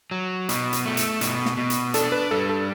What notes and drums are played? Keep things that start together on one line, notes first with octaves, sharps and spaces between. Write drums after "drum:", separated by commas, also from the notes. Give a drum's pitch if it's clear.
F#3
B2, drum: hi-hat
drum: hi-hat
A3
drum: hi-hat
B2, drum: hi-hat
drum: snare
B2
drum: hi-hat
D4 A4, drum: hi-hat
B4
G3 A4
A4